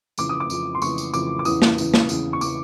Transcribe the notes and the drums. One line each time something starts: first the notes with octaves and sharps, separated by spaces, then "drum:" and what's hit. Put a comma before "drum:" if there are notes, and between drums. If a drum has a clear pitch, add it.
F2 C#3 E3 D6, drum: tambourine
D#6
D6
F2 C#3 E3, drum: tambourine
C6
F2 C#3 E3 C#6, drum: tambourine
drum: tambourine
F2 C#3 E3 D6, drum: tambourine
D6
E2 C#3 E3 D#6, drum: tambourine
drum: snare
E2 C#3 E3, drum: tambourine
drum: snare
E2 C#3 E3, drum: tambourine
C#6
C#3 E3 D6, drum: tambourine